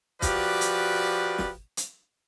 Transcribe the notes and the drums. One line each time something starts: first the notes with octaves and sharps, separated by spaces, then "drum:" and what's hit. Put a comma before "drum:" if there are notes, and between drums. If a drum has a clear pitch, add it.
F3 F#4 G4 B4 D5, drum: kick, hi-hat
drum: hi-hat
drum: snare
drum: hi-hat